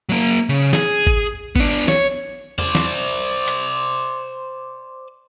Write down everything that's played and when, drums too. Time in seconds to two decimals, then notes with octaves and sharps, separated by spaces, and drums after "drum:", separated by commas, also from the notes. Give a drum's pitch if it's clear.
0.09 F#3 A#3
0.49 C#3
0.73 G#4, drum: snare
1.07 drum: kick G#1
1.56 B3 D4, drum: kick G#1
1.88 C#5, drum: snare
2.58 C5 D5, drum: tom E2
2.75 drum: snare
3.48 drum: hi-hat